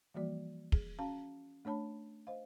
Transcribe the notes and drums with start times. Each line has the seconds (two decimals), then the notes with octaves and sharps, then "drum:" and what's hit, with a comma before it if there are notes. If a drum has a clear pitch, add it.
0.14 E3 F3 G3 A#3 F#4 D5
0.72 G#4, drum: kick
0.99 C#4 F#4 F5 A5
1.65 A3 D4 C#5 A5 B5
2.27 C5 D#5 F5